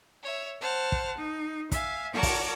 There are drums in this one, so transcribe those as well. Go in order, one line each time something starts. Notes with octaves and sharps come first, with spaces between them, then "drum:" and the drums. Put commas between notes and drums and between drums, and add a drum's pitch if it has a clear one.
C#5 E5
C5 F#5 A5 F6
drum: kick
D#4
E5 F5 G#5, drum: kick, hi-hat
F#4 A#4 C#5 D5 A5 A#5
drum: kick, open hi-hat